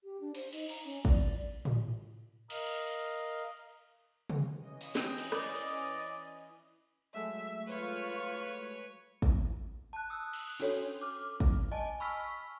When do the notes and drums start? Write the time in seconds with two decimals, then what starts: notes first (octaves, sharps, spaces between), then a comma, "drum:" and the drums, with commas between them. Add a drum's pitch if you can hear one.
0.04 G4
0.21 D4
0.35 C5, drum: open hi-hat
0.53 D#4, drum: cymbal
0.69 A#5, drum: open hi-hat
0.85 C#4
1.05 D5, drum: kick
1.65 drum: tom A2
2.50 A#4 D#5 F5, drum: cymbal
4.30 drum: tom C3
4.60 E3 C#4 D#5
4.81 drum: open hi-hat
4.95 G5, drum: snare
5.18 drum: cymbal
5.32 D5, drum: rim click
7.14 F#3 G#3 A3 E5
7.66 F4 B4 C#5 C#6
9.22 drum: kick
9.93 A5 F#6
10.10 D#6 E6 F#6
10.33 drum: cymbal
10.60 C#4 D4 F#4 A4 C#5, drum: open hi-hat
11.01 D6 F6
11.40 drum: kick
11.71 D#5 G#5 A5
12.00 B5 C#6 E6 F6 B6